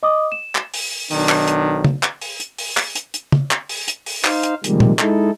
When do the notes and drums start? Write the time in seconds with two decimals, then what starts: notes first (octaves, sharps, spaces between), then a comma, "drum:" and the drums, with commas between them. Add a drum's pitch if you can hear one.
0.03 D#5 D6 D#6
0.32 E7
0.55 drum: clap
0.74 drum: open hi-hat
1.11 B1 D#3 D4, drum: open hi-hat
1.29 drum: clap
1.48 drum: hi-hat
1.85 drum: tom
2.03 drum: clap
2.21 drum: open hi-hat
2.40 drum: hi-hat
2.58 drum: open hi-hat
2.77 drum: clap
2.95 drum: hi-hat
3.14 drum: hi-hat
3.32 drum: tom
3.51 drum: clap
3.69 drum: open hi-hat
3.88 drum: hi-hat
4.06 drum: open hi-hat
4.24 D#4 C5 F5, drum: clap
4.43 drum: hi-hat
4.64 C3 D#3 F3 G3 G#3 A#3, drum: hi-hat
4.80 drum: tom
4.99 G#3 D#4 E4 A4, drum: clap